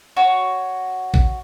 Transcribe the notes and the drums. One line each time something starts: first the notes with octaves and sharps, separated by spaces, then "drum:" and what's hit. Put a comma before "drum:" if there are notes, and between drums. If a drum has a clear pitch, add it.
F#4 C#5
drum: kick A1